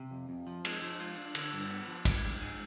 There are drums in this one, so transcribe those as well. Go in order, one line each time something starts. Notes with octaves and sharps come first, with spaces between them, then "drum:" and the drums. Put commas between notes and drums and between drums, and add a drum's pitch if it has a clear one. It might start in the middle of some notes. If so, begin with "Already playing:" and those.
Already playing: C3
F2
F2
F3
G#3, drum: cymbal
F3
F4
D4
D3, drum: cymbal
G2
B3
F3
G3, drum: kick, cymbal
G#2
G#4